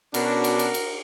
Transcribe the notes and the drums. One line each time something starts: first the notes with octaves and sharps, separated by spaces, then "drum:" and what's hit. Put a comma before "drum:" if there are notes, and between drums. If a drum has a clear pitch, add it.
B2 C#4 D4 F#4 A#4, drum: cymbal
drum: cymbal
drum: cymbal
drum: cymbal